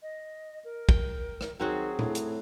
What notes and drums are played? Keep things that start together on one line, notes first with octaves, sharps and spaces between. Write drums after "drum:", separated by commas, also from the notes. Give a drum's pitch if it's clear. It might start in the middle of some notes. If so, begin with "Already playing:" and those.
D#5
A#4
G5, drum: kick
drum: rim click
D#3 F#3 C4 F#4 G#4
A2, drum: tom A#2
drum: hi-hat